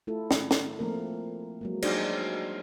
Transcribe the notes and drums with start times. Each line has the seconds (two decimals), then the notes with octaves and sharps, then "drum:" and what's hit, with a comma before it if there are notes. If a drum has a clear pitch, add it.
0.07 A3 E4 F4 A4
0.31 drum: snare
0.51 drum: snare
0.79 F3 A3 A#3 C4 A#4
1.61 F#3 G#3 A#3
1.82 D4 D#4 F#4 G#4 C5 D5, drum: cymbal